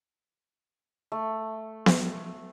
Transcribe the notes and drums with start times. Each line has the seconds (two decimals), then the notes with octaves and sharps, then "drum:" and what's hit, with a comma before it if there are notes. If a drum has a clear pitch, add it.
1.12 A3
1.86 drum: snare B3